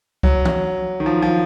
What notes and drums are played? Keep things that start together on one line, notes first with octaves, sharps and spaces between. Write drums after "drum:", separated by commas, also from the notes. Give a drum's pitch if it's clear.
F#3, drum: kick C2
drum: tom
D#3
F3
F3